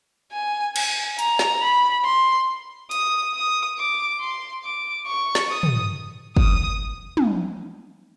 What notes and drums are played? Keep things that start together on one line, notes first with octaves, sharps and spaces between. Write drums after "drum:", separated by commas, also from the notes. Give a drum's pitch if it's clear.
G#5
G#5, drum: cymbal
A#5, drum: hi-hat
drum: snare
B5
C6
D#6, drum: hi-hat
D#6
D6
C6
D6
C#6
drum: snare
D#6
drum: tom
D#6, drum: kick
drum: tom